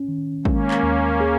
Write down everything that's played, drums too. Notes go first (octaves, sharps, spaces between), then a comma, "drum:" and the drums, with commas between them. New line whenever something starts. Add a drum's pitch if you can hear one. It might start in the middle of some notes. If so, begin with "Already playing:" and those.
Already playing: C#4
D#3
G#3 A#3 C#4, drum: kick
drum: clap
D#2
G#4